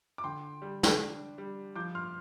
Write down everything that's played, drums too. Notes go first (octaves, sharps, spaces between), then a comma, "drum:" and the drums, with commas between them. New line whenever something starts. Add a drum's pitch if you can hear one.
D6
D3 G5 C6
G3
drum: snare
D4
G3
F3 D6 G6
C6 F6